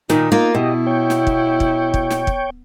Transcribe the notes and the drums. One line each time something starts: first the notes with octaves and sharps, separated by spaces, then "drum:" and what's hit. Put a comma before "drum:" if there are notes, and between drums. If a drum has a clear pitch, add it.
A#2 D#3 D#4, drum: snare
A#3 F4
B2 E4 G4 D#5
C#5 G5
drum: snare
drum: kick
drum: kick
drum: kick
drum: snare
drum: kick